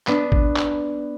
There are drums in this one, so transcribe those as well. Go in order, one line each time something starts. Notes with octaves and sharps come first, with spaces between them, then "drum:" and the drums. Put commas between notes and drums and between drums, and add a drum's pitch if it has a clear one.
B3 D4, drum: clap
drum: kick G#1
drum: clap